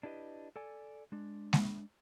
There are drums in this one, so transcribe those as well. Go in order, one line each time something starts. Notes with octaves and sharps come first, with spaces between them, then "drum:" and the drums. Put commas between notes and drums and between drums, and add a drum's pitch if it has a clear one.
D4 E4 G4 B4 D#5
A4 D5 G#5
G#3 D4
drum: snare G#3